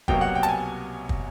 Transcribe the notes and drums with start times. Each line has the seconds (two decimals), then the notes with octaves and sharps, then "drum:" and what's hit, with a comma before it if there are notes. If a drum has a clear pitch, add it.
0.08 C2 B2 F#3 A#3 G5, drum: kick
0.21 F#5
0.35 G5
0.43 A5, drum: hi-hat
0.49 G#5
1.09 drum: kick